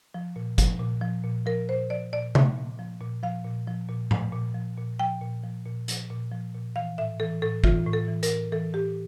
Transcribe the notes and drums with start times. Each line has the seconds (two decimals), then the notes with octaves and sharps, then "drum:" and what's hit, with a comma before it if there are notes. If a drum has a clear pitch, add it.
0.14 F3
0.36 A#2
0.58 F3, drum: kick, hi-hat
0.79 A#2
1.02 F3
1.24 A#2
1.46 F3 A#4
1.69 A#2 C5
1.90 F3 D5
2.13 A#2 D5
2.35 F3 E5, drum: tom C3
2.56 A#2
2.79 F3
3.01 A#2
3.23 F3 F5
3.45 A#2
3.67 F3
3.89 A#2
4.11 F3, drum: tom A2
4.33 A#2
4.55 F3
4.77 A#2
4.99 F3 G5
5.21 A#2
5.44 F3
5.66 A#2
5.88 F3, drum: hi-hat
6.10 A#2
6.32 F3
6.54 A#2
6.76 E3 F5
6.98 A2 E5
7.20 E3 A4
7.42 A2 A4
7.64 E3 F4, drum: kick
7.87 A2
7.93 A4
8.08 E3
8.23 A#4, drum: hi-hat
8.31 A2
8.52 E3 A4
8.74 A2 G4